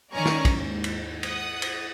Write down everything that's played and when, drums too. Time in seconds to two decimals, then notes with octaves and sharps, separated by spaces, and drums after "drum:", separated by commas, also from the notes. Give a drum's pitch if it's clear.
0.14 D#3 C#4 D5 G#5 A#5 C#6
0.25 drum: snare
0.45 drum: kick, cymbal
0.56 D#2 G#2
0.84 drum: cymbal
1.23 F#5 D#6, drum: cymbal
1.62 drum: cymbal